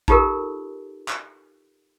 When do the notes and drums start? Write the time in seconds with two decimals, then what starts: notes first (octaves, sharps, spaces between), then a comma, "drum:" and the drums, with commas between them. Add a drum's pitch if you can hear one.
0.08 D#4 F4 G4 A4 A#4, drum: kick A1
1.08 drum: clap